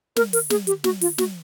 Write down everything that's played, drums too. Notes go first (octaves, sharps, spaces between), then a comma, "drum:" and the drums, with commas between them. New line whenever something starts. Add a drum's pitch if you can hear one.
A#4, drum: snare
A#4, drum: open hi-hat
G#4, drum: snare
G4, drum: hi-hat
F#4, drum: snare
F4, drum: open hi-hat
F#4, drum: snare